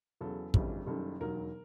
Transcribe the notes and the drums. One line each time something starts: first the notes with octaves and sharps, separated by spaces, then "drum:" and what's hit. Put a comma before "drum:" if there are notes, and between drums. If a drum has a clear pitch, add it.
E2 C#3 F#3 A4
G1 F2 C#3 E3 G3, drum: kick
F#1 F#2 D#3 G3 A4
E1 D#2 D#3 F#3 A#4